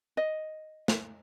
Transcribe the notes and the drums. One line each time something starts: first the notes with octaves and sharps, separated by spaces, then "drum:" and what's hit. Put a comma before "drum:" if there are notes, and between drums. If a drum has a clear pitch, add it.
D#5
drum: snare